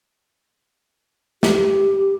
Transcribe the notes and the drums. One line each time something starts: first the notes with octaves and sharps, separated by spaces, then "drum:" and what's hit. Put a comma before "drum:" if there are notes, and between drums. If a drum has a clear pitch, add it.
G4, drum: snare